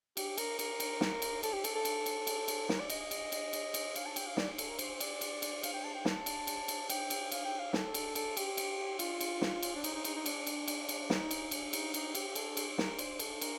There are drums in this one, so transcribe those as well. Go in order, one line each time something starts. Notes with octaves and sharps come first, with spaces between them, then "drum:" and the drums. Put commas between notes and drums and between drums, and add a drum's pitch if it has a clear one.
G4, drum: cymbal
A#4, drum: cymbal
A#4, drum: cymbal
drum: cymbal
drum: snare
drum: cymbal
A4, drum: cymbal
G4
A4, drum: cymbal
A4
drum: cymbal
drum: cymbal
drum: cymbal
drum: cymbal
A#4, drum: snare
D5
D#5, drum: cymbal
D#5
drum: cymbal
drum: cymbal
drum: cymbal
drum: cymbal
F5, drum: cymbal
A5
G5, drum: cymbal
F5
D5, drum: snare
A4, drum: cymbal
A#4
C5, drum: cymbal
D5, drum: cymbal
drum: cymbal
drum: cymbal
F5, drum: cymbal
G5
A5
G5
A5, drum: snare
drum: cymbal
drum: cymbal
drum: cymbal
G5, drum: cymbal
drum: cymbal
F5, drum: cymbal
G5
F5
A4, drum: snare
drum: cymbal
A4, drum: cymbal
G4, drum: cymbal
drum: cymbal
F4, drum: cymbal
drum: cymbal
drum: snare
drum: cymbal
D4
D#4, drum: cymbal
D#4
D#4, drum: cymbal
D#4
D4, drum: cymbal
drum: cymbal
drum: cymbal
drum: cymbal
D#4, drum: snare
drum: cymbal
D4, drum: cymbal
D#4, drum: cymbal
D#4, drum: cymbal
G4, drum: cymbal
A4, drum: cymbal
drum: cymbal
A#4, drum: snare
C5, drum: cymbal
A4, drum: cymbal
A#4, drum: cymbal